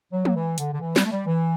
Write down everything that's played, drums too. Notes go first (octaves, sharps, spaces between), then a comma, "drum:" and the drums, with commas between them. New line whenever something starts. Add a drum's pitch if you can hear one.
F#3
F#3, drum: tom
E3
D3, drum: hi-hat
D3
E3
G3, drum: snare
A3
G3
E3